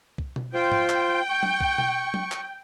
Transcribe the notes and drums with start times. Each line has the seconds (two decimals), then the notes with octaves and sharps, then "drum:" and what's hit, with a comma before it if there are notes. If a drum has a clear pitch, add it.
0.18 drum: kick
0.36 drum: tom B2
0.54 F4 C5 G5
0.72 drum: tom G#2
0.89 drum: clap
1.30 C#6
1.43 drum: tom F#3
1.61 drum: kick
1.78 drum: tom B2
2.14 drum: tom F#3
2.32 drum: clap